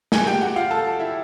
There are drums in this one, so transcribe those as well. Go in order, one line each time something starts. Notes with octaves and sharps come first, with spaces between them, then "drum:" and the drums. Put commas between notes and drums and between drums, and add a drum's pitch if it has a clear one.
G#4 G#5, drum: snare
G4 G5
F#4 F#5
F4 F5
A4 A5
E4 E5